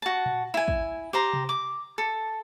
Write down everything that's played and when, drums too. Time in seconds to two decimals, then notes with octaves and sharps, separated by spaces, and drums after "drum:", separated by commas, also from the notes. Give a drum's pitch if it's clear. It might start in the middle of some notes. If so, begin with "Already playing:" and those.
0.02 F#4 A5
0.26 drum: tom A#2
0.54 E4 G#5
0.68 drum: kick
1.13 G4 C5 A#5
1.33 drum: tom C3
1.49 D6
1.98 A4